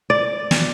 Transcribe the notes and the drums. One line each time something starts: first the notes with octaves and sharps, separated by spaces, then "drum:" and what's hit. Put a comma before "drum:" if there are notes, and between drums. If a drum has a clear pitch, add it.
D5
drum: snare